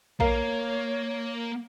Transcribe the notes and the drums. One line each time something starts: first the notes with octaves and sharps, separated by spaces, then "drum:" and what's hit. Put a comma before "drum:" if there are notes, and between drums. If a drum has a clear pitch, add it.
A#3 A#4 C#5 F5 A#5, drum: kick A#1